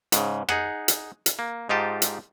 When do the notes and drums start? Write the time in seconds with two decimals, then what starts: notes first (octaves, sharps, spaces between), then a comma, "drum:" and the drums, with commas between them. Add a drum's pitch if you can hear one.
0.12 G#2 C#3, drum: hi-hat
0.49 D#4 G#4 F#5, drum: rim click
0.88 drum: hi-hat
1.26 drum: hi-hat
1.39 A#3
1.69 G#2 D#4 F4 G4 A5
2.02 drum: hi-hat